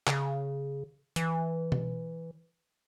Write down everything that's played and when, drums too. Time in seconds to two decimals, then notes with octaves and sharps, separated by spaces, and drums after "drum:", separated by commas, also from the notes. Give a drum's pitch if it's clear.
0.07 C#3, drum: clap
1.16 E3, drum: hi-hat
1.72 drum: tom B2